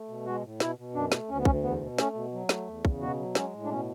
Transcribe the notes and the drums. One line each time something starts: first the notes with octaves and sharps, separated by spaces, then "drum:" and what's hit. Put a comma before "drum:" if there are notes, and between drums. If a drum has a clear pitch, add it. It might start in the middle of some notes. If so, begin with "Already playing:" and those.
Already playing: A3
B2
G#3 F#4
A2
B2 E4, drum: snare
B2
F#2 D4
A3, drum: snare
D2 C#4
B3
D2 C#4, drum: kick
E2 B3
B2
A3 C#4, drum: snare
B2
F#3
A3, drum: snare
E2
C#3, drum: kick
B2 F#4
F#3
G#3 C#4, drum: snare
A2
D4
B2 C#4